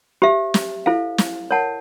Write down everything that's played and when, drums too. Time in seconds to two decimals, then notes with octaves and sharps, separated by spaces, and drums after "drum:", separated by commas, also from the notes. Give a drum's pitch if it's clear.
0.22 G4 C5 E5
0.54 drum: snare
0.86 E4 A4 C5 F5
1.18 drum: snare
1.51 A#4 C#5 F#5 A5